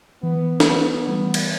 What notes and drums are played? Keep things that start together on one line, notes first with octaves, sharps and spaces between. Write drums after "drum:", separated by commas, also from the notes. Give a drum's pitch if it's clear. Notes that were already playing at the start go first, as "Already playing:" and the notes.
E3 B3
drum: snare
E3 G3 A3
drum: cymbal